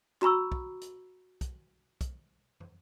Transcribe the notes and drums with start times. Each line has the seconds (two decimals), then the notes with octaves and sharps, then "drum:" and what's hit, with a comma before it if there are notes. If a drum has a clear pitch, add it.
0.22 F#4 A#5 B5 C#6 E6, drum: clap
0.52 drum: kick
0.81 drum: hi-hat
1.41 drum: kick, hi-hat
2.01 drum: kick, hi-hat
2.60 drum: tom